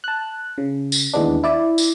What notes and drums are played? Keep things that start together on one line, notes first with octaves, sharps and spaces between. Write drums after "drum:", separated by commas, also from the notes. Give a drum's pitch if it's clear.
A5 F#6
C#3
drum: tambourine
D#2 E3 G#3 B3 D4
E4 D5 E5
drum: tambourine